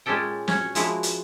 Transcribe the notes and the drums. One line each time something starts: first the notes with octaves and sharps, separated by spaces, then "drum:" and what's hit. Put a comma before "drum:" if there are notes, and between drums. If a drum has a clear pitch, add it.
A#2 G#3 C#4 G4 A4 G5
C#4 F#4 C#5, drum: snare
F3 G#3 A#3 E4 F#4, drum: hi-hat
drum: hi-hat